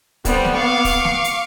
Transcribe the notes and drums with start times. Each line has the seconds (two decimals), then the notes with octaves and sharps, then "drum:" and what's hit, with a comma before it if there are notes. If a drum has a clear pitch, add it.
0.25 D3 G3 B3 C4, drum: kick, hi-hat
0.45 drum: snare
0.56 F5 C#6 D6
0.85 drum: kick, open hi-hat
1.04 drum: snare
1.24 drum: hi-hat